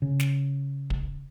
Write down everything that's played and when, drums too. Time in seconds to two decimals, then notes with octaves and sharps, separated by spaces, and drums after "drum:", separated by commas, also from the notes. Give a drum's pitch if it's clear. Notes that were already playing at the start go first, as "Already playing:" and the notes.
0.02 C#3
0.20 drum: snare
0.90 drum: kick